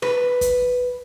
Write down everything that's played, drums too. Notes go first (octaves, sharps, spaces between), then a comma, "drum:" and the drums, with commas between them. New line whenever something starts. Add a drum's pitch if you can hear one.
B4, drum: rim click
drum: kick, hi-hat